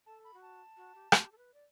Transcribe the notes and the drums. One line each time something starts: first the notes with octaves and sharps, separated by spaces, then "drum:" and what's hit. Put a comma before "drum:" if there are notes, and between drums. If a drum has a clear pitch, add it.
A4 A5
B5
F#4
A5
F#4
G4
G4, drum: rim click
A4
B4
D5